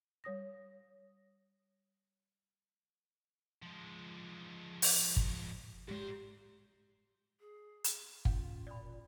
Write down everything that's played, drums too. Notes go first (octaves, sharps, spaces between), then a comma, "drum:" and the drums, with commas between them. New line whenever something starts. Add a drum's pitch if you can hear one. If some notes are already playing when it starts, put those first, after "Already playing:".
G3 C#5 D#6 A#6
F3 G#3
drum: open hi-hat
drum: kick
G#2 G#3 G4 C5
G#4
drum: hi-hat
C#4 F4 F5, drum: kick
E1
A#2 D5 B5